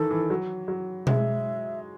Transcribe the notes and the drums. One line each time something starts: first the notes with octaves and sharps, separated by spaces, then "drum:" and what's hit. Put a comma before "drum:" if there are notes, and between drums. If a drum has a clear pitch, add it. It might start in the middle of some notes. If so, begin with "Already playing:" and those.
Already playing: D#3 E3 A4
E3
F#3
F#3
G#3 E5, drum: tom B2